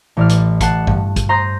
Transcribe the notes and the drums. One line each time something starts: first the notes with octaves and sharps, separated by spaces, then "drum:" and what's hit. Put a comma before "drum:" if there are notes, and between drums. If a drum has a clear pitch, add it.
A1 D5 F6
drum: hi-hat
F#5 A5 C7 C#7, drum: kick, hi-hat
G2, drum: kick
drum: kick, hi-hat
C5 A#5 C6 D#6 G6 A#6